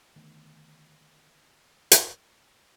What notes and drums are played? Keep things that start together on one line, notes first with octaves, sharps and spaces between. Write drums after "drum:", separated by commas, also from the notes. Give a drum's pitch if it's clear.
D3 D#3 A3 B3
drum: hi-hat